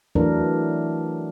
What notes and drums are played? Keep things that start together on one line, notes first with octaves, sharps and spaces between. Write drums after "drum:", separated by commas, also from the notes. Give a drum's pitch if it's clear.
E3 F#3 A3 D4 E4 A#4, drum: tom E2